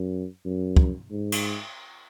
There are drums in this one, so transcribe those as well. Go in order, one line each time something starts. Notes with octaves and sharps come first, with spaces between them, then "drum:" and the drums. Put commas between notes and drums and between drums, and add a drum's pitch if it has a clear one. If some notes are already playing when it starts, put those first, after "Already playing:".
Already playing: F#2
F#2
drum: kick
G#2
drum: cymbal